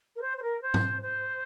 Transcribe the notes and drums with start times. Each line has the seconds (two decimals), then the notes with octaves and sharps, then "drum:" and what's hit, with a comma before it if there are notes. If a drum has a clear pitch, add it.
0.16 A#4
0.21 C5
0.37 C5
0.42 A#4
0.62 C5
0.74 drum: tom G#2
1.02 C5